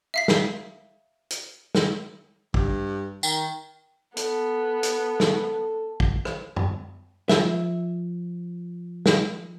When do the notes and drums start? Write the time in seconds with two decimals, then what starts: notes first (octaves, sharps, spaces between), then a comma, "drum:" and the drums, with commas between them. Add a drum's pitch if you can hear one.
0.14 E5 F5 B6
0.28 drum: snare
1.30 drum: hi-hat
1.75 drum: snare
2.54 G2, drum: kick
3.23 D#3 G5, drum: tambourine
4.17 B3 A4, drum: hi-hat
4.83 drum: hi-hat
5.20 drum: snare
6.00 drum: kick
6.25 drum: rim click
6.56 drum: tom F#2
7.29 F3 E5, drum: snare
9.06 drum: snare